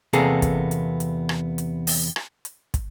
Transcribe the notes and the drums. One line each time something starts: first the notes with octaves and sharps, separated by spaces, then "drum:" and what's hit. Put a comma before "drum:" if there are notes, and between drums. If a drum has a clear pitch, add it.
E2 C3 A#3 B3 G#4 A4, drum: hi-hat
drum: kick, hi-hat
drum: hi-hat
drum: hi-hat
drum: rim click
drum: hi-hat
drum: open hi-hat
drum: rim click
drum: hi-hat
drum: kick, hi-hat